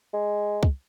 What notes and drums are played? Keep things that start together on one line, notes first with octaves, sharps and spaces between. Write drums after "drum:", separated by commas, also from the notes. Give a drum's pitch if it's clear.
G#3
drum: kick